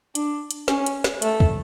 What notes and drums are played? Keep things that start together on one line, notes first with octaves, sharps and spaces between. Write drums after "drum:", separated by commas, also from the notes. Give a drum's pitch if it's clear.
D4, drum: hi-hat
drum: hi-hat
C#4, drum: snare
drum: hi-hat
drum: snare
A3, drum: hi-hat
drum: kick